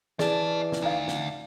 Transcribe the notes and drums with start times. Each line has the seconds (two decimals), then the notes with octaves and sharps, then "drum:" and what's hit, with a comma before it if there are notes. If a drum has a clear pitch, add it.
0.19 E3 G#4 D5 D#5 A5, drum: snare
0.72 drum: snare
0.82 D2 D#4 F5
1.08 drum: snare